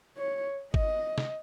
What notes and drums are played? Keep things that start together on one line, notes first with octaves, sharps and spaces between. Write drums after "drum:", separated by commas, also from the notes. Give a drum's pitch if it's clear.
C#5
D#5, drum: kick G1
drum: snare